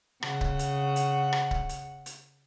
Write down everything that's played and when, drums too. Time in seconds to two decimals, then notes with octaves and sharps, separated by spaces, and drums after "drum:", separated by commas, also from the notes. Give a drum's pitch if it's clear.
0.22 C#3 F#5, drum: rim click
0.41 drum: kick C#1
0.59 drum: hi-hat
0.96 drum: hi-hat
1.33 drum: rim click
1.51 drum: kick C#1
1.69 drum: hi-hat
2.06 drum: hi-hat